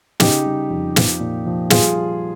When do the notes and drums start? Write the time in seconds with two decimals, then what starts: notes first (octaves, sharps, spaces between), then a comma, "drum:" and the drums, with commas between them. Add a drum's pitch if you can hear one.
0.20 C#3 D#4 G4, drum: snare
0.46 G3
0.70 F2
0.96 F3, drum: snare
1.20 A#2
1.46 F3
1.70 G3 F4 G#4, drum: snare